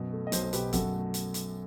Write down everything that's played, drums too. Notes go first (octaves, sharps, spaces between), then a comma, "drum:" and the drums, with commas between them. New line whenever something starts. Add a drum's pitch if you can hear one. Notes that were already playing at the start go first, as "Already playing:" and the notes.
Already playing: F#2 B2
A3
D#5
B1 A4 C5, drum: hi-hat
C5
B2 G4 B4, drum: hi-hat
F#2 F#4 A4, drum: kick, hi-hat
A3
drum: hi-hat
drum: hi-hat